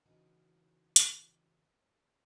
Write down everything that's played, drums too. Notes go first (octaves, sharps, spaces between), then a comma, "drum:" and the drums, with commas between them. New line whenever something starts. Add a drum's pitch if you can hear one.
C#3 E3 D#4 F#4 A#4
drum: hi-hat